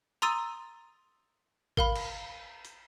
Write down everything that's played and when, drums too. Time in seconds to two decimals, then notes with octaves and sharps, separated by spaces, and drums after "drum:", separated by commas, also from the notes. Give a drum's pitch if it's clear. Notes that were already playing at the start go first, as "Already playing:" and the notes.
0.22 A#5 C6 D#6 E6 A6 D#7
1.77 A#4 F5 B5, drum: kick
1.96 drum: cymbal
2.65 drum: hi-hat